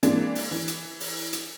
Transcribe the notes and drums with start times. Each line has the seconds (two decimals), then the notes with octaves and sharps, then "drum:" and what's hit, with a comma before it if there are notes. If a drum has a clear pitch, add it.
0.03 E3 G#3 A#3 C4 D4, drum: hi-hat
0.35 drum: open hi-hat
0.51 E3
0.68 drum: hi-hat
1.00 drum: open hi-hat
1.33 drum: hi-hat